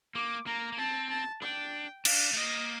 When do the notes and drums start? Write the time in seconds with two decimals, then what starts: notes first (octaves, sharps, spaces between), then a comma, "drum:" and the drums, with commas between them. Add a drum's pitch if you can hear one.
0.15 A#3 D6
0.46 A#3 A#5
0.72 A#3
0.78 C4 A5
1.10 A5
1.42 D4 G5
2.05 D4 F5, drum: cymbal
2.33 A3
2.37 A#3 D#5